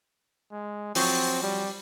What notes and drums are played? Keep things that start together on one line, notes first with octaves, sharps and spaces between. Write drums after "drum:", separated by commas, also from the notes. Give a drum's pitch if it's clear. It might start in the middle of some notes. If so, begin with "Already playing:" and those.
G#3
F3 F#3 C4, drum: open hi-hat
G3